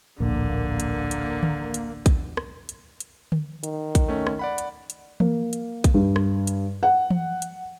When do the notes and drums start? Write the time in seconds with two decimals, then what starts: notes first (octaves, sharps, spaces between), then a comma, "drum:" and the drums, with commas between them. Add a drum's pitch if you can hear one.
0.20 D1 A#1 D3 A#3
0.80 drum: hi-hat
1.11 drum: hi-hat
1.43 drum: tom D3
1.74 drum: hi-hat
2.06 drum: kick A#1, hi-hat
2.37 drum: rim click
2.69 drum: hi-hat
3.00 drum: hi-hat
3.32 drum: tom D3
3.64 D#3, drum: hi-hat
3.95 drum: kick A#1, hi-hat
4.08 A3 C#4
4.27 drum: rim click
4.39 D5 F#5 B5
4.58 drum: hi-hat
4.90 drum: hi-hat
5.20 A#3, drum: tom E3
5.53 drum: hi-hat
5.84 drum: kick A#1, hi-hat
5.94 G2
6.16 drum: rim click
6.47 drum: hi-hat
6.83 F#5
7.10 drum: tom E3
7.42 drum: hi-hat